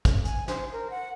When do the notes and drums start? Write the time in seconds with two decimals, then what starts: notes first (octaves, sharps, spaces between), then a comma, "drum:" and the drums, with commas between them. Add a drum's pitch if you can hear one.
0.05 drum: kick, hi-hat
0.25 G#5, drum: hi-hat
0.48 C5, drum: snare
0.73 A#4
0.90 F#5